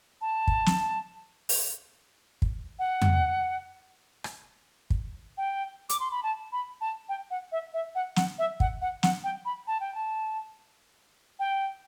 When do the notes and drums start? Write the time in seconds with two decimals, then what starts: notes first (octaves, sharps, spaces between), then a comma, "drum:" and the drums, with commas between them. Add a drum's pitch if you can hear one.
0.21 A5
0.48 drum: kick
0.66 drum: snare
1.49 drum: open hi-hat
2.42 drum: kick
2.79 F#5
3.02 drum: tom F2
4.24 drum: rim click
4.90 drum: kick
5.38 G5
5.89 D6, drum: hi-hat
6.00 C6
6.11 B5
6.23 A5
6.52 B5
6.81 A5
7.09 G5
7.31 F#5
7.52 E5
7.74 E5
7.95 F#5
8.16 F#5, drum: snare
8.39 E5
8.60 F#5, drum: kick
8.81 F#5
9.03 F#5, drum: snare
9.24 G5
9.45 B5
9.67 A5
9.80 G5
9.94 A5
11.39 G5